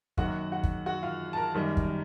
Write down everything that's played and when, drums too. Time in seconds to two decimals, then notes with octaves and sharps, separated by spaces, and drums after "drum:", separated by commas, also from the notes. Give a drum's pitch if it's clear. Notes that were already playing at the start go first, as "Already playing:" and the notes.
0.17 F#2 D#3 F#3 A#3 F#4 F#5, drum: kick
0.52 F#4 F#5
0.63 drum: kick
0.86 F#4 F#5
1.03 F4 F5
1.33 A5
1.37 A#4 A#5
1.54 F#2 D#3 G3 A#3
1.77 drum: kick